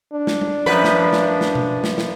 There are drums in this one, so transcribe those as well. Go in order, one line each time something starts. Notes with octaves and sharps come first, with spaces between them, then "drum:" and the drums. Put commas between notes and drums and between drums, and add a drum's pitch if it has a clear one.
D4
drum: snare
drum: tom G3
F#2 F3 B4
drum: snare
drum: snare
drum: snare
drum: tom B2
drum: snare
drum: snare